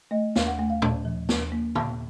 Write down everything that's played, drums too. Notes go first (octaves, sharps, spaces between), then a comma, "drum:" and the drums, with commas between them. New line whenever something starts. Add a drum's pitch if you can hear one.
A3 D#5
D#2 F5, drum: snare
F#5
A3 F#5
F5
D#2 A5, drum: tom A#2
F3
D#2, drum: snare
A#3
A#2 A5, drum: tom D3